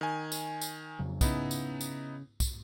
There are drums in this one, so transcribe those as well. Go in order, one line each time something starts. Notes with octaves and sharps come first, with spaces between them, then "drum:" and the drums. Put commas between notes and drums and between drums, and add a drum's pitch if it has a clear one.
D#3 G#5
drum: tambourine
drum: tambourine
F2 C#3 F#3
C#3 B3 C#4 D#4 E4, drum: kick, tambourine
drum: tambourine
drum: tambourine
drum: kick, tambourine